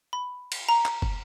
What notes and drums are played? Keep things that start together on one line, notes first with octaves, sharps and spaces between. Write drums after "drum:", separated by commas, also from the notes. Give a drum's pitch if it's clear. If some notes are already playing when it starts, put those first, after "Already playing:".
B5
drum: cymbal
A#5
drum: clap
drum: kick